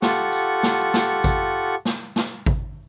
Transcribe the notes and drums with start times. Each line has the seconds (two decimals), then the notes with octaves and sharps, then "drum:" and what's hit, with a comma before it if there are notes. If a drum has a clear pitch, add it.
0.02 F4 G4 A4 F#5 C#6, drum: snare
0.33 drum: tambourine
0.63 drum: snare
0.94 drum: snare
1.24 drum: kick G#1, tambourine
1.85 drum: snare
2.16 drum: snare
2.46 drum: kick G#1